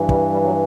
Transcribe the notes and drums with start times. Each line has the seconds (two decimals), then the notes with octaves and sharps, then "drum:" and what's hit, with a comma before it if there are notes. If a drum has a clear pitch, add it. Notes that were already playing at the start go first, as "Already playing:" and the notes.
Already playing: G2 E3
0.09 G3, drum: kick
0.31 G3
0.42 F#3